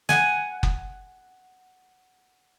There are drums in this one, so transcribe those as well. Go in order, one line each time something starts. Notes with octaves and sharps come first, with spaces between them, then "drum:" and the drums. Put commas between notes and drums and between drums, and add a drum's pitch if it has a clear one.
F#5 G#5, drum: snare
drum: kick F#1